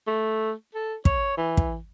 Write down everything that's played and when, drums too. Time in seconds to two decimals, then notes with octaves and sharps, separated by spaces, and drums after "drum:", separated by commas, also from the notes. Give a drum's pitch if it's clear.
0.07 A3
0.75 A4
1.05 C#5, drum: kick
1.37 E3
1.57 drum: kick